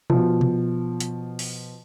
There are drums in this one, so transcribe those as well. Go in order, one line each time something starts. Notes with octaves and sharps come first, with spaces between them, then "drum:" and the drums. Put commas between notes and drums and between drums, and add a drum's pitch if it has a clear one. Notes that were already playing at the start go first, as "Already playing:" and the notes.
B2 F3, drum: tom B2
drum: tom B2
drum: hi-hat
drum: open hi-hat